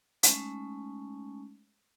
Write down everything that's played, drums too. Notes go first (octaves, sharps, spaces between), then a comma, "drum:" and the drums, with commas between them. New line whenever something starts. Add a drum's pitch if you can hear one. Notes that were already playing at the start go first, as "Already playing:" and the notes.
G#3 A3 C#4 D#4, drum: hi-hat